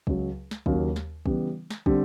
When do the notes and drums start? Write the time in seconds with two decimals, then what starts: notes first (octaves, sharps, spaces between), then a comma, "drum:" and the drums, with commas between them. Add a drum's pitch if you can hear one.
0.07 C#2 C#3 F#3, drum: kick
0.51 drum: snare
0.66 D#2 C#3 F#3 A#3, drum: kick
0.96 drum: snare
1.26 C#3 E3 G3 B3, drum: kick
1.70 drum: snare
1.86 D3 G3 C4, drum: kick